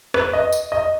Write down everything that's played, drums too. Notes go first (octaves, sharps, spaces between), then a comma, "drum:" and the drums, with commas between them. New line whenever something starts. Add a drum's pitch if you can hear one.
B4, drum: rim click
D#5
drum: tambourine
D#5